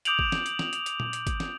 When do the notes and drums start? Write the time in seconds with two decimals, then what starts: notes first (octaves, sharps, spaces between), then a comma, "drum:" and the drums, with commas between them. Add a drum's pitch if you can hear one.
0.05 D6 D#6 G6 D7 F7 F#7, drum: hi-hat
0.19 drum: kick G#1
0.32 drum: snare
0.46 drum: hi-hat
0.59 drum: snare
0.73 drum: hi-hat
0.86 drum: hi-hat
1.00 drum: tom A#2
1.13 drum: hi-hat
1.27 drum: kick G#1, hi-hat
1.40 drum: snare